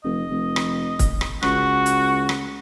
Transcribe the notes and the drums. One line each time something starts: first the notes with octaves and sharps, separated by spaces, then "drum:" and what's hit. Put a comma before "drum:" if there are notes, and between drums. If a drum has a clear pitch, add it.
F1 D#5
F1
drum: rim click
drum: kick, hi-hat
drum: rim click
C#2 F#4, drum: rim click
drum: hi-hat
drum: rim click